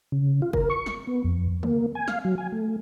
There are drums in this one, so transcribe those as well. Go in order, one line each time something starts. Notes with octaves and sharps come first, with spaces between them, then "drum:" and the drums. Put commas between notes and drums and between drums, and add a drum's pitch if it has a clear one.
C#3
F4
A#4, drum: kick
C#6
drum: snare
B3
F2
A#3, drum: tom
G#5
F5, drum: snare
F#3
G#5
A3